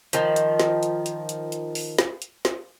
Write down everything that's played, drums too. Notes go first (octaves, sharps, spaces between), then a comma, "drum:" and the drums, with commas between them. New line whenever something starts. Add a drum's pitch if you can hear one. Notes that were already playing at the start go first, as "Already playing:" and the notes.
D#3 F3, drum: hi-hat
drum: hi-hat
drum: snare
drum: hi-hat
drum: hi-hat
drum: hi-hat
drum: hi-hat
drum: open hi-hat
drum: snare
drum: hi-hat
drum: snare